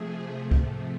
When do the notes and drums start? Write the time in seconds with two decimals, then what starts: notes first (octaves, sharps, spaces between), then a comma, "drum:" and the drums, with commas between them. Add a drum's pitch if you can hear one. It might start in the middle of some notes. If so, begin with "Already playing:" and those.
Already playing: C3 F3 A3 G#4
0.51 drum: kick